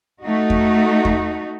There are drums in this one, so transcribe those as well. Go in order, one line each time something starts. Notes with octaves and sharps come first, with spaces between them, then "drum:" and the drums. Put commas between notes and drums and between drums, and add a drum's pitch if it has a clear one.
A3 D#4 F#4
drum: kick E2
drum: kick E2